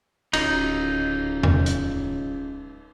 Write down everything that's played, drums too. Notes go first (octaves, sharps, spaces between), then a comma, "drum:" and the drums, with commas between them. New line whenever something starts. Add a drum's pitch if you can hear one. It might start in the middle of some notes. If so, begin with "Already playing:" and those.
D1 C#2 D#4, drum: cymbal
drum: tom E2
drum: hi-hat